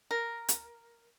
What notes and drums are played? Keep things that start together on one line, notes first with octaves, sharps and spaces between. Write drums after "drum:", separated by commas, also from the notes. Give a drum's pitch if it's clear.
A#4
drum: hi-hat